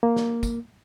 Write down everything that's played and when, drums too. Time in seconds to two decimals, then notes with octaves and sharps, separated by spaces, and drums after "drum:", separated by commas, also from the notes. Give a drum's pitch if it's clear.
0.03 A#3
0.16 drum: snare
0.43 drum: kick, tambourine